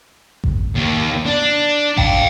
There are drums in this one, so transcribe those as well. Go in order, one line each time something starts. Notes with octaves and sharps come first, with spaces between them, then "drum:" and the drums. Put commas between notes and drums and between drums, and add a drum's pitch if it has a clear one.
drum: kick A1
D#2
D4
F5 G5, drum: kick A1